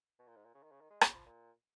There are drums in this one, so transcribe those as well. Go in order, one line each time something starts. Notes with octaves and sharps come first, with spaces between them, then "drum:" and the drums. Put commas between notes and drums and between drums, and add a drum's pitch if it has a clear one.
B2
A#2
G#2
A#2
C#3
D#3
C#3
D#3
G#3
F#3, drum: rim click
F3
A#2